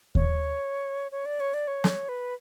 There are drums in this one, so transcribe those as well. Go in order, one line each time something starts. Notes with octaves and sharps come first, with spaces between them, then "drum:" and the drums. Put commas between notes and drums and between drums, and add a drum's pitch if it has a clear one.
C#5, drum: kick D#2
C#5
D5
C#5
D5
C#5
drum: snare
B4